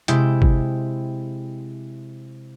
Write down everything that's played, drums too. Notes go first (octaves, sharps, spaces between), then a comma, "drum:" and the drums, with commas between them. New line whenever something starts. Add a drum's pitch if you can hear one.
C3 G#3 E4 G5 G6, drum: hi-hat
drum: kick G1